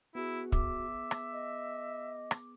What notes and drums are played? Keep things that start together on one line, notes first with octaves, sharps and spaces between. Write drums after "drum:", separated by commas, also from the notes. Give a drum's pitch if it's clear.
B3 E4 F#4 G#4
E5 D6, drum: kick
drum: rim click
D#5
drum: rim click